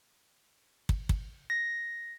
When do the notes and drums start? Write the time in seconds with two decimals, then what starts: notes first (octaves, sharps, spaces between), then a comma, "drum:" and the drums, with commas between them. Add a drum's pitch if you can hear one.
0.89 drum: kick
1.09 drum: kick
1.50 A#6